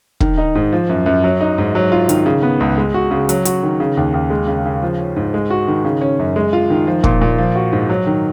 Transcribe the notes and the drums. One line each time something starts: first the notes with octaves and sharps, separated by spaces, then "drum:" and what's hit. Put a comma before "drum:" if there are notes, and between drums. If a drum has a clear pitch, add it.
D#3, drum: kick
D#4
G#2
F3
F#2
F#2
F#3
D#4
G#2
F#3
F4
D#3, drum: hi-hat
C#3
B3
C#2
G#3
F#4
C#3
F#3, drum: hi-hat
F#4, drum: hi-hat
D#3
C#3
D#2
D#2
G#3
C#3
C#3
F3
C#4
G#2
G#3
F#4
D#3
C#3
C#4
F#2
G#3
F4
D#3
F3
A#2, drum: kick
A#2
F3
F#4
G#2
F#3
D#3